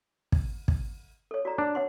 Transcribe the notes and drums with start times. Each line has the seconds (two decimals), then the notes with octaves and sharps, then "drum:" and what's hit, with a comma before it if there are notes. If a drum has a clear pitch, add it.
0.32 drum: kick
0.68 drum: kick
1.31 A4 C#5
1.45 F#4 D5 A#5
1.58 D4
1.75 C#5 F#5 C6